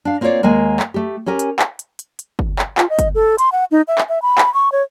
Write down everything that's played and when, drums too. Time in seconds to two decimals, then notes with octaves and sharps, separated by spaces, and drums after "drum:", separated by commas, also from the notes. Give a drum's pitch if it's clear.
0.05 D4 F5
0.21 A#3 C4 F4 G#4 C#5 D5
0.43 D#2 G#3 A#3 G#5
0.80 drum: clap
0.94 A3 G4
1.26 C#4 G4 A#4 G#5
1.39 drum: hi-hat
1.59 drum: clap
1.79 drum: hi-hat
1.99 drum: hi-hat
2.19 drum: hi-hat
2.39 drum: kick
2.59 drum: clap
2.78 F4, drum: clap
2.90 D#5
2.99 drum: kick, hi-hat
3.15 A4
3.38 C6, drum: hi-hat
3.52 F#5
3.71 D#4
3.88 E5
3.98 drum: clap
4.09 E5
4.22 B5
4.38 drum: clap
4.54 C#6
4.72 C#5